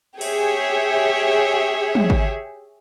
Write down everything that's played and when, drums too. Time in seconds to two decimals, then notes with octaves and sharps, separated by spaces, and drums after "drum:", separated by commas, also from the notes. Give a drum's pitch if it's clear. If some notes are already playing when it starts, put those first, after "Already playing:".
0.21 G4 G#4 C#5 E5, drum: cymbal
1.95 drum: tom
2.10 drum: kick G#1